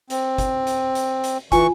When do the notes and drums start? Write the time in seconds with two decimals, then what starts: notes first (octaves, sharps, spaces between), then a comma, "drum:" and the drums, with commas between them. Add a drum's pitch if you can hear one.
0.10 C4, drum: hi-hat
0.38 drum: kick, hi-hat
0.67 drum: hi-hat
0.95 drum: hi-hat
1.24 drum: hi-hat
1.52 E3 F4 G#5 C#6, drum: kick, hi-hat